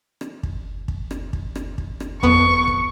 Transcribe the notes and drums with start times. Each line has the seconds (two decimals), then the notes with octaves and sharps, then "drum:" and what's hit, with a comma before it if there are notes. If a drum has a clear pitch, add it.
0.21 drum: rim click
0.43 drum: kick
0.88 drum: kick
1.11 drum: rim click
1.33 drum: kick
1.56 drum: rim click
1.78 drum: kick
2.00 drum: rim click
2.23 F2 B3 C#6, drum: kick
2.68 drum: kick